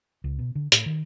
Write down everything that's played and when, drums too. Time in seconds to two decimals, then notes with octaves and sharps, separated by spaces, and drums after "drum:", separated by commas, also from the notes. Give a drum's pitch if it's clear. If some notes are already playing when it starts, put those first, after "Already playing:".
0.24 C#2
0.39 B2
0.55 D3
0.72 A2, drum: hi-hat
0.86 D#3